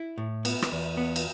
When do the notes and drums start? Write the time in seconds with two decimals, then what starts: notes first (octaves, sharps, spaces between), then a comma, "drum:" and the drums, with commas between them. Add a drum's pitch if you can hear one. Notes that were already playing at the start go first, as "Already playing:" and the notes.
Already playing: E4
0.18 A2
0.45 B3, drum: cymbal
0.62 drum: rim click
0.72 E2
0.97 B3
1.16 drum: cymbal